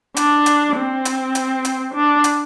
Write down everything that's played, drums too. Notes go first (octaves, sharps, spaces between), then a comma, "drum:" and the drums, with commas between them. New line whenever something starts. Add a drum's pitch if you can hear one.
D4, drum: hi-hat
drum: hi-hat
C4
drum: hi-hat
drum: hi-hat
drum: hi-hat
D4
drum: hi-hat